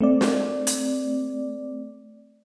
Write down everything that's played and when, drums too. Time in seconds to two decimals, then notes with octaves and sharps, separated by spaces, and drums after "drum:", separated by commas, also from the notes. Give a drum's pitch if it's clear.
0.01 A3 C4 D5
0.21 drum: snare
0.67 drum: hi-hat